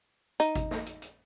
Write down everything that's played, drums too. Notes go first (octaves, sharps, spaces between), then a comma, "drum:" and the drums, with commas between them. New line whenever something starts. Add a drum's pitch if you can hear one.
D#4, drum: hi-hat
drum: kick G#1, hi-hat
drum: snare
drum: hi-hat
drum: hi-hat